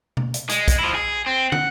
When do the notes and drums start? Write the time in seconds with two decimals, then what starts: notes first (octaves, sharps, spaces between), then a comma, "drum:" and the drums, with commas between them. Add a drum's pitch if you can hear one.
0.17 drum: tom B2
0.34 drum: hi-hat
0.49 G#3, drum: hi-hat
0.68 drum: kick, hi-hat
0.79 F3 E4
0.95 G#4
1.26 C4
1.52 F#5, drum: tom